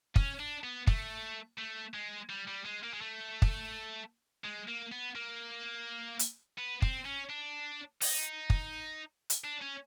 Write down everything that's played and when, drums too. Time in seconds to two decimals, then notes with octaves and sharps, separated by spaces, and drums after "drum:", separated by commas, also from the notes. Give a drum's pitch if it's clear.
0.16 C#4, drum: kick
0.40 D4
0.64 B3
0.87 A3, drum: kick
1.59 A3
1.94 G#3
2.30 G3
2.48 G3
2.66 G#3
2.84 A#3
2.94 G#3
3.01 A3
3.42 drum: kick
4.44 G#3
4.68 A#3
4.92 B3
5.16 A#3
6.19 drum: hi-hat
6.58 B3
6.82 C4, drum: kick
7.06 C#4
7.30 D4
8.01 D#4, drum: open hi-hat
8.50 drum: kick
9.30 drum: hi-hat
9.44 D4
9.62 C#4